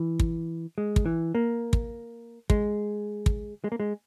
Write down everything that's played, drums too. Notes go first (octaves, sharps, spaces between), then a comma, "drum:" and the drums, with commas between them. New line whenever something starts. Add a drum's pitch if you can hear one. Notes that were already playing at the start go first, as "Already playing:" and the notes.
Already playing: E3
drum: kick
G#3
drum: kick
E3
A#3
drum: kick
G#3, drum: kick
drum: kick
G#3
A#3
G#3